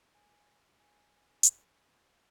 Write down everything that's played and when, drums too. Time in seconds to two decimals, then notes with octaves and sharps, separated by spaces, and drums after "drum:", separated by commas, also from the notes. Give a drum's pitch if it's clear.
0.15 G#5
0.80 G#5
1.43 drum: hi-hat